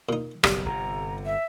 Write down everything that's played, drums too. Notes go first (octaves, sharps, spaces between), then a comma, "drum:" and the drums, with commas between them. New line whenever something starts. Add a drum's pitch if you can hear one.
A#2 D#4
F#1 B1 G3, drum: rim click
G1 C3 A#5
E5